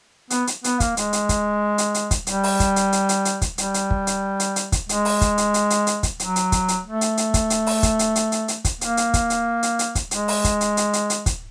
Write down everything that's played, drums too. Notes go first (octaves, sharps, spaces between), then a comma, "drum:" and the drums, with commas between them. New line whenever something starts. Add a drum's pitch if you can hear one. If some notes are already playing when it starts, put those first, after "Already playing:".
B3, drum: hi-hat
drum: hi-hat
B3, drum: hi-hat
A#3, drum: kick, hi-hat
G#3, drum: hi-hat
drum: hi-hat
drum: kick, hi-hat
drum: hi-hat
drum: hi-hat
drum: kick, hi-hat
G3, drum: hi-hat
drum: open hi-hat
drum: kick, hi-hat
drum: hi-hat
drum: hi-hat
drum: hi-hat
drum: hi-hat
drum: kick, hi-hat
G3, drum: hi-hat
drum: hi-hat
drum: kick
drum: hi-hat
drum: hi-hat
drum: hi-hat
drum: kick, hi-hat
G#3, drum: hi-hat
drum: open hi-hat
drum: kick, hi-hat
drum: hi-hat
drum: hi-hat
drum: hi-hat
drum: hi-hat
drum: kick, hi-hat
F#3, drum: hi-hat
drum: hi-hat
drum: kick, hi-hat
drum: hi-hat
A3
drum: hi-hat
drum: hi-hat
drum: kick, hi-hat
drum: hi-hat
drum: open hi-hat
drum: kick, hi-hat
drum: hi-hat
drum: hi-hat
drum: hi-hat
drum: hi-hat
drum: kick, hi-hat
A#3, drum: hi-hat
drum: hi-hat
drum: kick, hi-hat
drum: hi-hat
drum: hi-hat
drum: hi-hat
drum: kick, hi-hat
G#3, drum: hi-hat
drum: open hi-hat
drum: kick, hi-hat
drum: hi-hat
drum: hi-hat
drum: hi-hat
drum: hi-hat
drum: kick, hi-hat